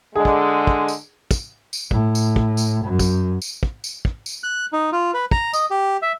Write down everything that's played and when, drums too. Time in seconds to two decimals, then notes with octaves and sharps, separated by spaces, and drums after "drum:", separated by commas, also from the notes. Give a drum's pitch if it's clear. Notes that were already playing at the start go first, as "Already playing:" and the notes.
0.16 D3 G#3 G#4
0.25 drum: kick
0.67 drum: kick
0.88 drum: tambourine
1.31 drum: kick, tambourine
1.73 drum: tambourine
1.91 A2, drum: kick
2.15 drum: tambourine
2.36 drum: kick
2.57 drum: tambourine
2.85 F#2
2.99 drum: kick, tambourine
3.42 drum: tambourine
3.63 drum: kick
3.84 drum: tambourine
4.05 drum: kick
4.26 drum: tambourine
4.43 F#6
4.73 D#4
4.92 F4
5.14 B4
5.31 A#5, drum: kick
5.53 D#5, drum: tambourine
5.71 G4
6.02 E5